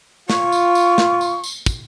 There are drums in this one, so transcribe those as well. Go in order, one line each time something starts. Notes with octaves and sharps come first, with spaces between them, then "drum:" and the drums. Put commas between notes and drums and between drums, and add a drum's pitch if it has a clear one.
F4 C#6, drum: snare
drum: tambourine
drum: tambourine
drum: snare
drum: tambourine
drum: tambourine
drum: kick, tambourine